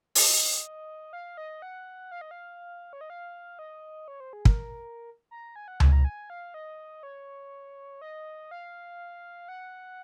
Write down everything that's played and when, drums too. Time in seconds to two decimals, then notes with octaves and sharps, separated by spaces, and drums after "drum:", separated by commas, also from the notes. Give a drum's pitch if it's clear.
0.15 D#5, drum: open hi-hat
1.13 F5
1.37 D#5
1.62 F#5
2.11 F5
2.21 D#5
2.31 F5
2.93 C#5
3.01 D#5
3.10 F5
3.59 D#5
4.08 C#5
4.20 C5
4.33 G#4
4.45 A#4, drum: kick
5.31 A#5
5.56 G#5
5.68 F#5
5.80 G#5, drum: tom C#2
5.92 A#5
6.05 G#5
6.30 F5
6.54 D#5
7.03 C#5
8.02 D#5
8.51 F5
9.48 F#5